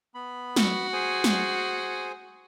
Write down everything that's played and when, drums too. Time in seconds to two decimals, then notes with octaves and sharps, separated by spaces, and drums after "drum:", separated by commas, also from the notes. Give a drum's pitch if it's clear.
0.15 B3 B5
0.56 F#4, drum: snare
0.93 G#4 C5 G#5
1.24 drum: snare